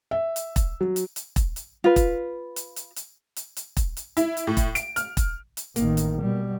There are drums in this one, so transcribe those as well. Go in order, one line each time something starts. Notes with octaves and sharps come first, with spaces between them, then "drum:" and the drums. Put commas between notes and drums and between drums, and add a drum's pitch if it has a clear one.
E5
drum: hi-hat
drum: kick E1, hi-hat
F#3
drum: hi-hat
drum: hi-hat
drum: kick E1, hi-hat
drum: hi-hat
F4 B4
drum: kick E1, hi-hat
drum: hi-hat
drum: hi-hat
drum: hi-hat
drum: hi-hat
drum: hi-hat
drum: kick E1, hi-hat
drum: hi-hat
E4, drum: hi-hat
drum: hi-hat
A2
drum: kick E1, hi-hat
D7, drum: hi-hat
F6, drum: hi-hat
drum: kick E1, hi-hat
drum: hi-hat
A1 D#3 A#3, drum: hi-hat
drum: hi-hat
B2 G3